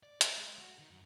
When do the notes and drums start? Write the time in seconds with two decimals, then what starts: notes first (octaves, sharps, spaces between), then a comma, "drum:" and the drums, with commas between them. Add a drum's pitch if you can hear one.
0.03 D5
0.21 F4, drum: hi-hat
0.37 G#3
0.59 F#4
0.79 D#3
0.90 F#2